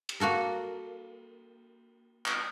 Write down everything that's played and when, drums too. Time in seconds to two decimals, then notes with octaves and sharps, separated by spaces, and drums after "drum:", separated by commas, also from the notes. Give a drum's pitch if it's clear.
0.09 drum: cymbal
0.20 A#3 F#4 A4 A#4
2.26 drum: clap